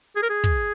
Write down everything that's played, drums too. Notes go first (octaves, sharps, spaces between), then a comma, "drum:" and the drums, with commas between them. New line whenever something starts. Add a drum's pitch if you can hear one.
G#4
A#4
G#4
drum: kick